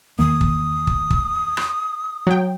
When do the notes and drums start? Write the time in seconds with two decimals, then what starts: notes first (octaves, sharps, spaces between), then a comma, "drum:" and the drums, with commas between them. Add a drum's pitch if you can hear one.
0.19 E2 D#3 A#3 D#6
0.41 drum: kick
0.87 drum: kick
1.10 drum: kick
1.57 drum: rim click
2.27 F#3 G5